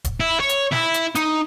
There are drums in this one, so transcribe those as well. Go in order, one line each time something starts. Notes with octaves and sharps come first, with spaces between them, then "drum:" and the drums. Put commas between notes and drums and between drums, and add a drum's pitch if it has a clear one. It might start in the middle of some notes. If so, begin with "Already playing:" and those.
drum: kick, hi-hat
E4
C#5
drum: hi-hat
E4, drum: snare
drum: hi-hat
D#4, drum: hi-hat